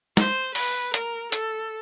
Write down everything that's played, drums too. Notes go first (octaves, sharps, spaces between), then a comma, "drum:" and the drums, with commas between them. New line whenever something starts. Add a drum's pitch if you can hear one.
C5, drum: snare
B4, drum: open hi-hat
A#4, drum: hi-hat
A4, drum: hi-hat